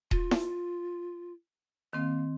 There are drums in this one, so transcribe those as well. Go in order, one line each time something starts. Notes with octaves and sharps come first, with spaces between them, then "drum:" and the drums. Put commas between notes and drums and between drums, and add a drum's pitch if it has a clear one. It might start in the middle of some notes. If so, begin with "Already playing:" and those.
F4, drum: kick D#1
drum: snare E4
D#3 A#3 C4